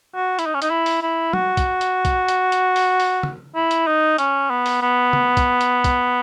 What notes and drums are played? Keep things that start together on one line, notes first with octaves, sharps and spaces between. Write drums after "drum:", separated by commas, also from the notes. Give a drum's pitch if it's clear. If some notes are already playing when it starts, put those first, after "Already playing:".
F#4
E4, drum: hi-hat
D#4
C#4
D#4, drum: hi-hat
E4
drum: open hi-hat
E4
F#4, drum: tom
drum: kick, hi-hat
drum: hi-hat
drum: kick, hi-hat
drum: hi-hat
drum: hi-hat
drum: open hi-hat
drum: open hi-hat
drum: tom
E4
drum: hi-hat
D#4
C#4, drum: hi-hat
B3
drum: open hi-hat
B3
drum: tom
drum: kick, hi-hat
drum: hi-hat
drum: kick, hi-hat